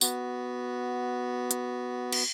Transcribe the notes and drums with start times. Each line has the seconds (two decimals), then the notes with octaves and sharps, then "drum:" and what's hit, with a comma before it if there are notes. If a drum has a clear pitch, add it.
0.01 B3 F#4, drum: tambourine
1.51 drum: hi-hat
2.12 drum: cymbal